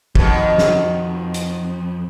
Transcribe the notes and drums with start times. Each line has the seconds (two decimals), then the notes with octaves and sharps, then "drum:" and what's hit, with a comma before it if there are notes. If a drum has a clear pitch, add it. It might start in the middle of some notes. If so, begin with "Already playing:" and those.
0.15 F2 B2 D#3, drum: kick
0.58 drum: snare
1.34 drum: hi-hat